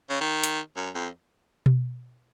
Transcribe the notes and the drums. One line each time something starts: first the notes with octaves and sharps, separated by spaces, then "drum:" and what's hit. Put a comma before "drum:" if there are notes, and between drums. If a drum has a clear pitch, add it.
C#3
D#3
drum: hi-hat
F#2
F2
drum: tom B2